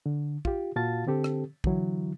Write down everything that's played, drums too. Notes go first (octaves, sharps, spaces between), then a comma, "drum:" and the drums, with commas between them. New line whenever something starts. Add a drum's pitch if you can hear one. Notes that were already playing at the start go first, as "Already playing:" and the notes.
D3
F4 G4, drum: kick
A#2 F4 F#4 F5 A5 A6
D3 C4 G4 A4
drum: rim click
D3 E3 F#3 E4, drum: kick